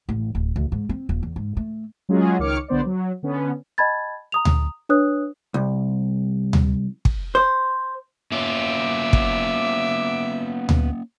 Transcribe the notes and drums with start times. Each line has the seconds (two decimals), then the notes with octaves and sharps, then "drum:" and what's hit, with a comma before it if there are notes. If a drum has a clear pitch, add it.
0.09 A1
0.35 D1
0.56 D2
0.72 G#2
0.89 C4
1.09 D#1
1.23 E2
1.36 G#2
1.57 A3
2.09 F#3 G#3 C#4 F4 F#4 G#4
2.39 C#2 D#3 C#5 D6 F6 C#7
2.68 B1 D3 B3 C5 D5
2.86 F#3
3.23 D3 B3 C#4
3.78 D#5 G5 A5 B5 G#6 A6
4.32 A#5 D#6 F7
4.45 drum: tom D2
4.89 D4 B4 C#5 D#6 F#6
5.54 C2
6.53 drum: tom D2
7.05 drum: kick
7.35 C5
8.32 A#3 B3 C#4 F4 C#5 E5 D6
9.13 drum: kick
10.69 drum: tom D2